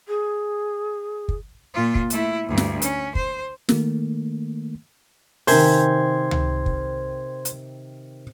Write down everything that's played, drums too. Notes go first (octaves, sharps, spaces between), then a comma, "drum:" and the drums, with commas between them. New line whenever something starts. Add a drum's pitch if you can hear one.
G#4
drum: kick
A#2 F4
drum: kick
A3 E4, drum: hi-hat
D2 G2
drum: snare
C#4, drum: hi-hat
C5, drum: kick
D#3 A3 A#3, drum: snare
C3 D#3 A#4 C5 G5 G#5 C6 G#6, drum: open hi-hat
drum: tom
drum: kick
drum: hi-hat